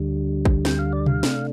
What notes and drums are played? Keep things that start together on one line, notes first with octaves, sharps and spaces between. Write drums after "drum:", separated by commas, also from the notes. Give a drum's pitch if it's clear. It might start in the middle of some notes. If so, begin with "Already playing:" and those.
Already playing: D2 D3 G3
drum: kick
G5, drum: snare
F5
D5
F5, drum: tom B2
C3 A3 D4, drum: snare